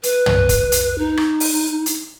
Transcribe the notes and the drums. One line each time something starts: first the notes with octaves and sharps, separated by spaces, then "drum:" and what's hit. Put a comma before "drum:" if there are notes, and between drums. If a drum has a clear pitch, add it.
B4, drum: hi-hat
drum: tom
drum: kick, hi-hat
drum: hi-hat
D#4
drum: rim click
drum: open hi-hat
drum: hi-hat